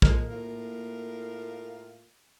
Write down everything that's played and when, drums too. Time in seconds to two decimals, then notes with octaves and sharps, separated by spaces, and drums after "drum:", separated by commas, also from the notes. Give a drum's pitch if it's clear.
0.02 F3 G#3 A#3, drum: kick
0.30 A2 F4 A#4